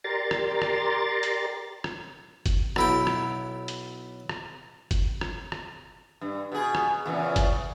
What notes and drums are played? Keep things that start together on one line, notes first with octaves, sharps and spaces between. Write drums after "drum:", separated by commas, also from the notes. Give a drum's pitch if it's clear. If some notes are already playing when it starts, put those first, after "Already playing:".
G4 A#4 D5 A#5 C6 A6
drum: rim click
drum: rim click
drum: hi-hat
drum: rim click
drum: kick F#1, hi-hat
B1 E4 G5, drum: rim click
drum: rim click
drum: hi-hat
drum: rim click
drum: kick F#1, hi-hat
drum: rim click
drum: rim click
G2
B2 G#4
drum: rim click
E2 A#2 C#3
drum: kick F#1, hi-hat